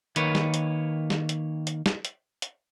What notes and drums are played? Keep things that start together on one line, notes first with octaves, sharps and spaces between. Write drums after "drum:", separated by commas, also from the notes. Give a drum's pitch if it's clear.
D#3 A#3 B4 C#5, drum: hi-hat
drum: snare
drum: hi-hat
drum: snare
drum: hi-hat
drum: hi-hat
drum: snare
drum: hi-hat
drum: hi-hat